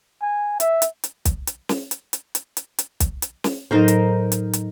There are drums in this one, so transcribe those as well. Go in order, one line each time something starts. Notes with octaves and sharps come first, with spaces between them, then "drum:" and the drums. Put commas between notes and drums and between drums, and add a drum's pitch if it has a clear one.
G#5
E5, drum: hi-hat
drum: hi-hat
drum: hi-hat
drum: kick, hi-hat
drum: hi-hat
drum: snare
drum: hi-hat
drum: hi-hat
drum: hi-hat
drum: hi-hat
drum: hi-hat
drum: kick, hi-hat
drum: hi-hat
drum: snare
A2 F#3 D#4 A#4 C5
drum: hi-hat
drum: hi-hat
drum: hi-hat